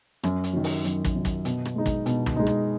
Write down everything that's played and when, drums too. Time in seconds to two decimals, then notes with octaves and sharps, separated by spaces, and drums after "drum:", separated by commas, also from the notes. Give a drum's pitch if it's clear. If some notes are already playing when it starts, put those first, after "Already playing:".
0.24 F#2, drum: rim click
0.44 drum: hi-hat
0.53 D#3 F#3
0.64 drum: open hi-hat
0.84 F#2, drum: hi-hat
1.05 drum: kick, hi-hat
1.15 D#3 F#3
1.25 drum: kick, hi-hat
1.45 B2, drum: hi-hat
1.65 drum: rim click
1.76 G#3 D#4
1.86 drum: kick, hi-hat
2.06 B2, drum: hi-hat
2.26 drum: tom
2.36 G#3 D#4
2.47 drum: rim click